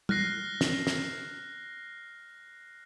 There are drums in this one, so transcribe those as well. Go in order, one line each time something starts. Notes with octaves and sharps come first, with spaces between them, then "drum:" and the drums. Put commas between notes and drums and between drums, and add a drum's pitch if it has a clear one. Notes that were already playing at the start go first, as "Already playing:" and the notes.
F6 F#6 A#6 C7, drum: tom
drum: snare
drum: snare